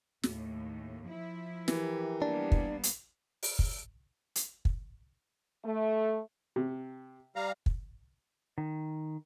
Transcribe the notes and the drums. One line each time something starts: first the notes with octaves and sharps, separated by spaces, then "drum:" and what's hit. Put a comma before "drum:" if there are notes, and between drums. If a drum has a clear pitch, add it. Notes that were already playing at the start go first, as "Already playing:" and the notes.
D#2 A2, drum: snare
F3 E4
E3 G4 A#4, drum: snare
G3 A#3 B3 D4
drum: kick
drum: hi-hat
drum: open hi-hat
drum: kick
drum: hi-hat
drum: kick
A3
C3
G3 F5 A#5
drum: kick
D#3